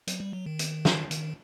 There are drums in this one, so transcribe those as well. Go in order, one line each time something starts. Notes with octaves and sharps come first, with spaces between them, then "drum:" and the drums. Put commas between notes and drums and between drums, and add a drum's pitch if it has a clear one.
F#3, drum: hi-hat
G3
F#3
D#3
drum: hi-hat
drum: snare
D#3, drum: hi-hat